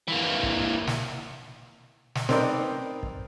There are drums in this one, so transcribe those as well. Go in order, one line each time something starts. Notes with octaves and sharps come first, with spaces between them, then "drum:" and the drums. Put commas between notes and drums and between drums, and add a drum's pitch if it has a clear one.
E3 A#3
drum: kick
drum: snare
drum: snare
C4 D#4 A#4 B4 D5 D#5, drum: snare
drum: kick